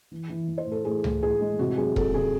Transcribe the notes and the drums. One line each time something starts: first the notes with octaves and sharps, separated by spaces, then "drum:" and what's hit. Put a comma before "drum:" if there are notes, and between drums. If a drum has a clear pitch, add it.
E3
E3
E3
C5
A2
A4
A2 G#4
A2, drum: tom C#2
A2 G#4
G#3
C3 F#4
F#3 G#4
C3 A4, drum: kick E1
C3 G#4